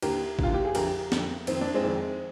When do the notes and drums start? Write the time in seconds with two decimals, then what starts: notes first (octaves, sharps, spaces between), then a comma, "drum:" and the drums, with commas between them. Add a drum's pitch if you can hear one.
0.02 D#2 D3 G4 A#4, drum: cymbal
0.39 D#2 D3 F4, drum: kick
0.54 G4
0.65 G#4
0.75 F2 D3 G4 A#4, drum: cymbal
1.12 F2 D3, drum: snare
1.47 F2 D#3 C4, drum: cymbal
1.61 D4
1.74 G#3 C4
1.84 F2 D#3